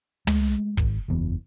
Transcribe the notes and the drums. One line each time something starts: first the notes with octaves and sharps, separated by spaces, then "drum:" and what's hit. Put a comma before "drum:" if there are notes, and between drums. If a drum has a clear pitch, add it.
G#3 A3, drum: tom
G#1, drum: kick
F#1 E2 E3